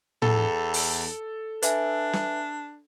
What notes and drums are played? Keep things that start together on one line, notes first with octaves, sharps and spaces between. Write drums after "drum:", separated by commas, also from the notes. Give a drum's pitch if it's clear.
E2 A4, drum: tom A2
drum: open hi-hat
D4 B4 E5 G#5, drum: hi-hat
drum: snare